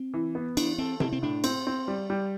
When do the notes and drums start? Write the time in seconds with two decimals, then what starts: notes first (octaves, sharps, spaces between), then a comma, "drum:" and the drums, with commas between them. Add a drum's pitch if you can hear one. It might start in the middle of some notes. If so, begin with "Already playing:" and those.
Already playing: C4
0.14 E3
0.35 B3
0.57 E3 D4, drum: cymbal
0.78 C4 A4
1.00 C4 E4, drum: tom C3
1.12 C4
1.22 A2 D4
1.44 C4, drum: cymbal
1.67 C4
1.88 G3
2.10 G3